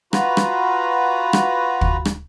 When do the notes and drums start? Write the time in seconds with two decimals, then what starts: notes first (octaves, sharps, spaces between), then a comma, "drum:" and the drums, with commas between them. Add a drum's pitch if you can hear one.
0.13 F4 F#4 B4 A#5, drum: rim click
0.37 drum: rim click
1.33 drum: rim click
1.81 drum: kick
2.05 drum: rim click